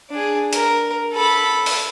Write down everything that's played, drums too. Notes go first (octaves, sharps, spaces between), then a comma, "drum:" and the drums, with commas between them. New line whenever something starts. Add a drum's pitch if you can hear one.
D4 G#4
A#4, drum: hi-hat
A4 B5
drum: open hi-hat